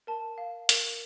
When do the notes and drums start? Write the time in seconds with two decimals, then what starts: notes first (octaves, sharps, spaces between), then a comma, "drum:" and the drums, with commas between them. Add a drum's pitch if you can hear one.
0.07 A#4 A5
0.38 F5
0.69 A#4, drum: hi-hat